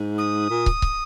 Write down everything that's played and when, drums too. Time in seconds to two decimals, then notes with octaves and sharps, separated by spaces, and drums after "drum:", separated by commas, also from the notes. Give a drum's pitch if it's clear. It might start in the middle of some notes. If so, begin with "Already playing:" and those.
Already playing: G#2
0.18 D#6
0.50 A#2
0.66 drum: kick
0.82 drum: kick